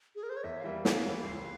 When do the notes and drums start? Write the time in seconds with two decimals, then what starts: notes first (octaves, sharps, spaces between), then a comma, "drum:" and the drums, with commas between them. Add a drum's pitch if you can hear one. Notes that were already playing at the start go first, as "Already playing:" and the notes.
0.15 G#4
0.23 A#4
0.29 C5
0.36 C#5
0.44 E2 E5
0.60 F5
0.64 E3 G3 A#3 E5
0.85 E2 F5, drum: snare
1.06 E3 G3 A#3
1.26 C#2